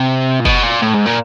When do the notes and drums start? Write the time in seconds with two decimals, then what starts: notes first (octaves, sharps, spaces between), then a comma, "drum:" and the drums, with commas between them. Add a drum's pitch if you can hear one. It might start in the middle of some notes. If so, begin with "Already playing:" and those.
Already playing: C3
0.41 A#2
0.45 B2, drum: kick
0.63 A#2
0.82 A2
0.94 G#2
1.06 A#2